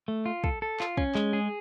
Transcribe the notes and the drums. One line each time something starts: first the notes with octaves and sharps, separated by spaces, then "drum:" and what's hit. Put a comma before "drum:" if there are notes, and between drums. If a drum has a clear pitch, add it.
A3
F4
A4, drum: kick
A4
F4, drum: clap
C#4, drum: kick
G#3, drum: clap
G#4